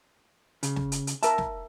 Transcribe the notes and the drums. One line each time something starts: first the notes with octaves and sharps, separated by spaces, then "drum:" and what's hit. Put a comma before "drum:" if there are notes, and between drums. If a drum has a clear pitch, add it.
C#3, drum: hi-hat
drum: snare
drum: hi-hat
drum: hi-hat
A#4 E5 A5, drum: hi-hat
drum: snare